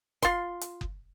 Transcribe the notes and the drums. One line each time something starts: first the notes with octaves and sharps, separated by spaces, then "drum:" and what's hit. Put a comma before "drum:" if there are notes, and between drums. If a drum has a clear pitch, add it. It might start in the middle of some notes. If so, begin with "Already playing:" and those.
F4 C6, drum: kick F#1, hi-hat
drum: hi-hat
drum: kick F#1